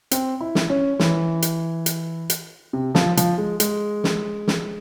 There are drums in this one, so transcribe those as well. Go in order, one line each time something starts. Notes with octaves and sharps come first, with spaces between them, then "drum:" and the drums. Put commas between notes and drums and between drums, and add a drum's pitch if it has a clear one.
C4, drum: hi-hat
E4
drum: snare
C#4
E3, drum: snare
drum: hi-hat
drum: hi-hat
drum: hi-hat
C3
F3, drum: snare
F3, drum: hi-hat
G#3
G#3, drum: hi-hat
drum: snare
drum: snare